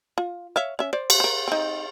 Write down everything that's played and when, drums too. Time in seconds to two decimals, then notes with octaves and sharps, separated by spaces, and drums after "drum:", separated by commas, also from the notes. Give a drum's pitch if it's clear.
0.18 F4
0.56 C#5 E5 F5
0.79 C#4 E5
0.93 C5 D5
1.10 drum: cymbal
1.20 A#4 C5
1.48 C4 D#4